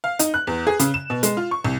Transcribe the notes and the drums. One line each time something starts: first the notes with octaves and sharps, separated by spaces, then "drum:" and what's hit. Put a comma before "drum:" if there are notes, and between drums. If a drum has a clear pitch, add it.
F5
D#4, drum: hi-hat
F#6
E2
G#4
C#3, drum: hi-hat
E7
B2
G#3, drum: hi-hat
F4
C#6
C2